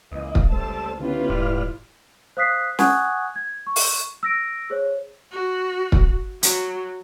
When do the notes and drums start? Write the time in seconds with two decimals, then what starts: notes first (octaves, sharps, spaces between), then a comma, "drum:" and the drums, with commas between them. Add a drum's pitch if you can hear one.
0.12 C#2 E3 A#3 D#5
0.35 drum: kick
0.52 C3 G3 A3 C5 A5 E6
1.00 D3 D#3 B3 C#4 E4 F4 G4 B4
1.29 D#1 G#2 D5 F6
2.37 C5 F5 D#6 F#6 B6 C7
2.79 F#5 G#5 C#6 D#6 F#6 G#6, drum: snare
3.36 G#6
3.67 C#6
3.76 drum: open hi-hat
4.23 E6 A#6 D7
4.70 G#4 C5 C#5
5.31 F#4
5.92 drum: kick
6.43 F#3, drum: hi-hat